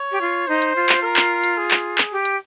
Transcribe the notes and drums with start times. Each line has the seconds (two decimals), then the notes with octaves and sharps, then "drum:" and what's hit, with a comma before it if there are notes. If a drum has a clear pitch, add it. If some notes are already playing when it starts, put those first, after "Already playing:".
Already playing: C#5
0.11 G4
0.21 F4
0.48 D#4 C5
0.62 drum: hi-hat
0.76 F4
0.89 drum: clap
1.02 A#4
1.16 drum: clap
1.44 drum: hi-hat
1.58 G#4
1.71 drum: clap
1.98 drum: clap
2.12 G4
2.25 drum: hi-hat